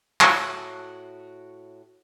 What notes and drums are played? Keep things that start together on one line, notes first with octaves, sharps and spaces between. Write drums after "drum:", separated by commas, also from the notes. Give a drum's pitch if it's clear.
A2 F#4, drum: clap